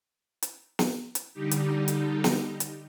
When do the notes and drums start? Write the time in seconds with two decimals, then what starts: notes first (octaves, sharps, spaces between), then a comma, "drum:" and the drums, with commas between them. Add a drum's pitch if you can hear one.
0.43 drum: hi-hat
0.79 drum: snare
1.15 drum: hi-hat
1.33 D3 G3 D#4 G4
1.51 drum: hi-hat
1.88 drum: hi-hat
2.24 drum: snare
2.60 drum: hi-hat